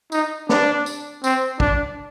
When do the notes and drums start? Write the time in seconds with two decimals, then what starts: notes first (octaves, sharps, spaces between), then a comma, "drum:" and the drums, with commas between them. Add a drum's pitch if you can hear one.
0.12 D#4, drum: tambourine
0.49 D4, drum: snare
0.86 drum: tambourine
1.24 C4, drum: tambourine
1.60 D4, drum: kick